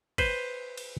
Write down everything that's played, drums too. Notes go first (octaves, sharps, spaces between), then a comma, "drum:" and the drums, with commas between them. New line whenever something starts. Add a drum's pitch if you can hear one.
B4 C5, drum: kick G#1, cymbal
drum: cymbal